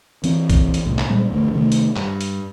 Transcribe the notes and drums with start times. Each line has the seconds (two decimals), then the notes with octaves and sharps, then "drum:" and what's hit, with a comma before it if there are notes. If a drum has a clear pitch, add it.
0.24 E3 C4, drum: hi-hat
0.50 drum: kick A#1, hi-hat
0.74 drum: hi-hat
0.86 C2 A2
0.98 drum: clap
1.10 A#2 G3 G#3
1.30 G1 D2 A3
1.53 C3 D#3 G#3 A3
1.72 drum: hi-hat
1.96 G2, drum: clap
2.21 drum: hi-hat